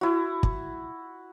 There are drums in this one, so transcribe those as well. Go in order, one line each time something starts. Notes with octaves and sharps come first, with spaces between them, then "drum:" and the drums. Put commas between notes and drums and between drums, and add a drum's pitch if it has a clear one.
E4 F#4
drum: kick